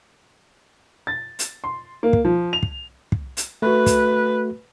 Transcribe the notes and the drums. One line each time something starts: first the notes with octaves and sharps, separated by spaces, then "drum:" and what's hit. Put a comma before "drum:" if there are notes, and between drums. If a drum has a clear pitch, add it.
A6
drum: hi-hat
C6
A#3
drum: kick
F3
F7
drum: kick
drum: kick
drum: hi-hat
A3 F#4 B4
drum: kick, hi-hat